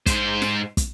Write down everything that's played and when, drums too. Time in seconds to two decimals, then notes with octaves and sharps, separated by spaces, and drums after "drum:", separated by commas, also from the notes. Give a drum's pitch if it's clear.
0.06 G#2 C5, drum: kick, hi-hat
0.42 drum: snare
0.77 drum: kick, hi-hat